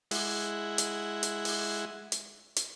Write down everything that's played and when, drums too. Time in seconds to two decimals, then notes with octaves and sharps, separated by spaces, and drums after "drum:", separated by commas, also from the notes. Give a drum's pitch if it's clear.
0.11 G#3 E4 F#5, drum: open hi-hat
0.78 drum: hi-hat
1.23 drum: hi-hat
1.45 drum: open hi-hat
2.12 drum: hi-hat
2.56 drum: hi-hat